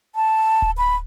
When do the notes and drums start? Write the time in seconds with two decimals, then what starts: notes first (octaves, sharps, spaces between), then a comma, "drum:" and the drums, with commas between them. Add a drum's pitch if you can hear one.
0.15 A5
0.62 drum: kick D1
0.78 B5